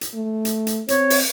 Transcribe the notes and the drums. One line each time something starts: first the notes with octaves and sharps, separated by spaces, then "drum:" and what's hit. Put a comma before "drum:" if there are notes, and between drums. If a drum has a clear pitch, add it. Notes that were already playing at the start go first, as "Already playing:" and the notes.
drum: hi-hat
A3
drum: hi-hat
drum: hi-hat
C4 C#5, drum: hi-hat
drum: open hi-hat